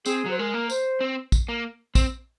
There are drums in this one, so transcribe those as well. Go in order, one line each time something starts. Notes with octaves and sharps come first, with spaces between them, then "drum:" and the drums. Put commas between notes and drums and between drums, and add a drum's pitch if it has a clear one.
C4 G#4, drum: tambourine
F#3 C5
G#3 A#4
A#3
C5, drum: tambourine
C4
drum: kick, tambourine
A#3
C4, drum: kick, tambourine